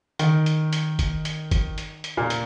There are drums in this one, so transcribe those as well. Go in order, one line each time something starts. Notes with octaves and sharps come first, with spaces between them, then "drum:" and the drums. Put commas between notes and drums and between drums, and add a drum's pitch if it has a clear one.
D#3, drum: hi-hat
drum: hi-hat
drum: hi-hat
drum: kick, hi-hat
drum: hi-hat
drum: kick, hi-hat
drum: hi-hat
drum: hi-hat
A#2 A#3
drum: hi-hat